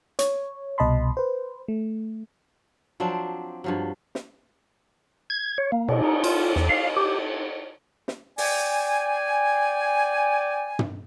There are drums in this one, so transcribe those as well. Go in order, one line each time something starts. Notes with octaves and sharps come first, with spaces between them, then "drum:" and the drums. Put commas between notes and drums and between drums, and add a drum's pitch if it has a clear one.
C#5, drum: hi-hat
C2 B2 D#5 A5 B5 C6
B4 C5
A3
F3 F#3 C4 D4
G2 F3 F#3
drum: snare
G#6
C#5
A#3
B2, drum: cymbal
D#4
F4, drum: cymbal
E2, drum: snare
F5
G4
drum: snare
D5 G5 G#5, drum: open hi-hat
drum: tom